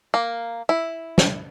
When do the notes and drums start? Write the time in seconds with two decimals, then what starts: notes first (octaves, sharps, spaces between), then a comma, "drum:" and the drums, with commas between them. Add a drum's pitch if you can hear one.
0.14 A#3
0.69 E4
1.18 drum: snare